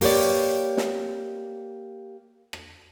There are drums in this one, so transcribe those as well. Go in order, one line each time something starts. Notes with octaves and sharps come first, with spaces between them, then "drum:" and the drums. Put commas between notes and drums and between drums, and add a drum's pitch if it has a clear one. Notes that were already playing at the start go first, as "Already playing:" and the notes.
A#3 G4 B4 C#5 D5, drum: open hi-hat
drum: snare
drum: rim click